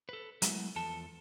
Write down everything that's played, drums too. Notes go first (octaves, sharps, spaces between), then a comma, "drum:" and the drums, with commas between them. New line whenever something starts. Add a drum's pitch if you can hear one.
A4 B4
F#3 G#3 A3 B3 E4, drum: hi-hat
E2 F3 A4 A5